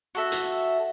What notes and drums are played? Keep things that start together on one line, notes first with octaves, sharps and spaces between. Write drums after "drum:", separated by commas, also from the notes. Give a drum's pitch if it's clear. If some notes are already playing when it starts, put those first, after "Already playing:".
F#4 A4 E5
drum: hi-hat